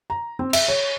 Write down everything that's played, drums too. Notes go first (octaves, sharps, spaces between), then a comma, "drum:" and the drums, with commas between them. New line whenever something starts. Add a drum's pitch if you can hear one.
A#5
C4
E5, drum: cymbal
C#5